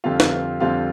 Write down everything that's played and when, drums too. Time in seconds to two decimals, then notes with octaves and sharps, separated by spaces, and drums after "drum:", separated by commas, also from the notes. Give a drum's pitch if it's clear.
0.04 F2 D3 G3 C4 F4 F5
0.20 drum: snare
0.60 F2 D3 G3 C4 F4 F5